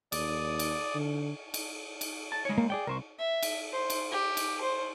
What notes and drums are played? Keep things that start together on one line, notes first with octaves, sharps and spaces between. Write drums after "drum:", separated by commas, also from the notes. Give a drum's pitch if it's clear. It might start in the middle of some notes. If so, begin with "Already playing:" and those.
D#2 D5 D#6, drum: cymbal
drum: cymbal
D3
drum: cymbal
drum: cymbal
A5
G#3 C#5
A#3
G#4 D5 G5
C2 A#4 C5 C#6
E5
drum: cymbal
C5
drum: cymbal
G4
drum: cymbal
C5